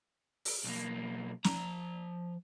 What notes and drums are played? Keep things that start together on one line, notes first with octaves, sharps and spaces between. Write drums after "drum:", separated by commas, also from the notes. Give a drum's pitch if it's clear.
drum: open hi-hat
B1 A#3
F3 A#5, drum: snare